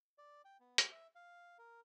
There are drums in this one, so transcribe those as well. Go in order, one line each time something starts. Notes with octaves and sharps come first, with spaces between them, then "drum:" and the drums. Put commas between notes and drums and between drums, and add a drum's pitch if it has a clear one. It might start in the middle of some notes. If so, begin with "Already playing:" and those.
D5
G5
B3
F#4, drum: hi-hat
E5
F5
A#4